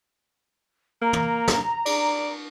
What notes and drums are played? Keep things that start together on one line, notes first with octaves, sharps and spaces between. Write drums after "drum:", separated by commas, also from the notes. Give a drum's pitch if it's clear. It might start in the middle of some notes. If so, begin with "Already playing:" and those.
A#3 A#5
drum: tom
drum: snare
D5, drum: cymbal